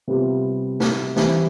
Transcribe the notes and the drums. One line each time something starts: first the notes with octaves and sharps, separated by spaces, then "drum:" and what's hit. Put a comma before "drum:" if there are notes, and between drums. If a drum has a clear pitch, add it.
C3 G3 B3 F4
drum: snare
E3 G3 C4, drum: snare